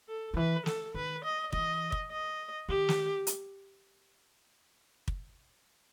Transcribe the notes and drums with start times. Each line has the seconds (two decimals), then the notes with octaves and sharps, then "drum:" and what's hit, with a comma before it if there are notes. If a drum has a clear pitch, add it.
0.08 A4
0.34 D#3
0.37 E3 B4
0.66 A4, drum: snare
0.94 D#3 B4
1.24 D#5
1.52 E3 D#5, drum: kick
1.92 drum: kick
2.11 D#5
2.69 D#3 G4
2.89 drum: snare
3.27 drum: hi-hat
5.08 drum: kick